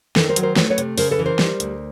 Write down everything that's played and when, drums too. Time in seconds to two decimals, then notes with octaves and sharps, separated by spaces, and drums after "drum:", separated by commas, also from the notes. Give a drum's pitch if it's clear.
0.16 D#3 A4 B4, drum: snare
0.29 A#4 C5
0.36 F#3, drum: hi-hat
0.43 A#4 C5
0.56 A3 B4 C#5, drum: snare
0.70 B4 C#5
0.78 C3, drum: hi-hat
0.98 C#3 A#4 C5, drum: open hi-hat
1.11 A4 B4
1.19 E3
1.26 A#4 C5
1.39 G3, drum: snare
1.60 D2, drum: hi-hat